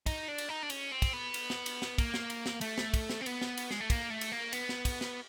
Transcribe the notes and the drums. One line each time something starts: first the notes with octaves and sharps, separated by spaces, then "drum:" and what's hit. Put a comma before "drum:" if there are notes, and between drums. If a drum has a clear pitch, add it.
D#4, drum: kick, cymbal
D4
drum: cymbal
D#4
D4
C#4, drum: cymbal
C4
drum: kick, cymbal
B3
drum: cymbal
drum: snare
drum: cymbal
drum: snare
A#3, drum: kick, cymbal
drum: snare
drum: cymbal
drum: snare
A3, drum: cymbal
drum: snare
drum: kick, cymbal
drum: snare
C4
B3, drum: cymbal
drum: snare
drum: cymbal
G#3, drum: snare
A3
A#3, drum: kick, cymbal
A3
drum: cymbal
A#3
B3, drum: cymbal
drum: snare
drum: kick, cymbal
drum: snare